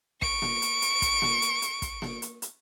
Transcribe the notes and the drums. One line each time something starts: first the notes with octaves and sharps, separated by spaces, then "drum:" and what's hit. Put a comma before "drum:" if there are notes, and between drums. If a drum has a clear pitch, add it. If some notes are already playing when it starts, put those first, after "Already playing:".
C#6 D7, drum: kick
drum: snare A#3
drum: hi-hat
drum: hi-hat
drum: kick, hi-hat
drum: snare A#3
drum: hi-hat
drum: hi-hat
drum: kick, hi-hat
drum: snare A#3
drum: hi-hat
drum: hi-hat